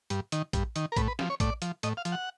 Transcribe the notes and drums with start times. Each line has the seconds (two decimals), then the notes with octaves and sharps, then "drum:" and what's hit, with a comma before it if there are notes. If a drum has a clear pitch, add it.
0.10 G2, drum: hi-hat
0.32 D#3, drum: hi-hat
0.53 G2, drum: kick, hi-hat
0.76 D#3, drum: hi-hat
0.92 A#4
0.96 A2 B4, drum: kick, hi-hat
1.08 B4
1.19 F3, drum: snare
1.30 C#5
1.40 A2 D5, drum: kick, hi-hat
1.62 F3, drum: hi-hat
1.83 A2 D#5, drum: hi-hat
1.97 F5
2.05 F3, drum: hi-hat
2.12 F#5